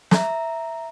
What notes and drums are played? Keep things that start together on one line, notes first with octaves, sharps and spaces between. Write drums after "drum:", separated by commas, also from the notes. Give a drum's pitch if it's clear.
E5 A#5, drum: snare